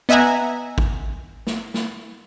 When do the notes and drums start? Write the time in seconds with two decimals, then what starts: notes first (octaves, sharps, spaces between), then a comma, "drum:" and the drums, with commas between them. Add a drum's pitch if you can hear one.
0.09 B3 D#5 E5 F#5 G#5 A#5
0.78 drum: kick G#1
1.47 drum: snare
1.74 drum: snare